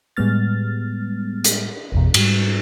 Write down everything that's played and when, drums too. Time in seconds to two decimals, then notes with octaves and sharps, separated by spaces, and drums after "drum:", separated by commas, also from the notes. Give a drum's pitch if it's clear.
0.17 A2 G3 G#3 B3 F6 A6
1.44 drum: hi-hat
1.92 G#1 E2 B2
2.14 G#2 G3, drum: cymbal